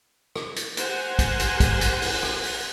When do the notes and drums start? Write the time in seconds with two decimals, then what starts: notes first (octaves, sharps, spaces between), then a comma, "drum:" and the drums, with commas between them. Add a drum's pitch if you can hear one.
0.36 drum: rim click
0.56 drum: hi-hat
0.77 G4 A#4 C5 F#5 G#5, drum: hi-hat
1.19 drum: kick, hi-hat
1.40 drum: hi-hat
1.60 drum: kick, hi-hat
1.81 drum: hi-hat
2.02 drum: open hi-hat
2.23 drum: rim click
2.44 drum: open hi-hat